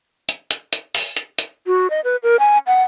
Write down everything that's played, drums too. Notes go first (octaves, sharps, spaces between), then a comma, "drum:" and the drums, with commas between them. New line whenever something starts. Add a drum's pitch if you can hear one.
drum: hi-hat
drum: hi-hat
drum: hi-hat
drum: open hi-hat
drum: hi-hat
drum: hi-hat
F#4
D#5
B4
A#4
G#5
F#5